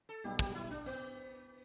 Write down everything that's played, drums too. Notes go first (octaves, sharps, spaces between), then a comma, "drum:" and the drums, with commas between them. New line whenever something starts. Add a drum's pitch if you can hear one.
A4
B1 B2 G3 G4
G4, drum: kick
E4
D4
B3